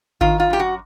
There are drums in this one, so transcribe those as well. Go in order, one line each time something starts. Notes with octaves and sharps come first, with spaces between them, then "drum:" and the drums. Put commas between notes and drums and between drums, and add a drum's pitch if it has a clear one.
D#3 F4, drum: kick G#1
F4
F#2 G4
F#4